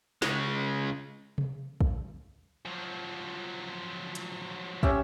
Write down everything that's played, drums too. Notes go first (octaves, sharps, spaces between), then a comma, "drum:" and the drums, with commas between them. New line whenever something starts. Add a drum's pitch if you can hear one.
C#3 G#3, drum: snare
drum: tom C3
drum: kick
F3 F#3
drum: hi-hat
C#4 G4 E5, drum: kick